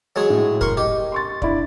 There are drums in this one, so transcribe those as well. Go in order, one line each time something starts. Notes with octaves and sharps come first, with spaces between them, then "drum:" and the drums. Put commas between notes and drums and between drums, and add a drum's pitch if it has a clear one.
F#3 G#3 G#4
A2
A#4 C6 C#6, drum: kick
G4 D#5
C6 C#6 A6
D4 E4 D5, drum: kick